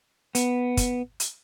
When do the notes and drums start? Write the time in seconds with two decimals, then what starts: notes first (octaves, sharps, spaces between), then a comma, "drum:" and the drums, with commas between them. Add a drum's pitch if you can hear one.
0.35 B3, drum: hi-hat
0.77 drum: kick, hi-hat
1.20 drum: hi-hat